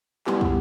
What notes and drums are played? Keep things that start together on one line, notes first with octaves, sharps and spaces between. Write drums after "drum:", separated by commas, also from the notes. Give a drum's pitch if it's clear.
G3 B3 E4 G4, drum: clap
drum: kick